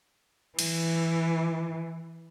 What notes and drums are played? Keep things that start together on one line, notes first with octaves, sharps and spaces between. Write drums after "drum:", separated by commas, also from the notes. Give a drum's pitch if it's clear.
E3, drum: cymbal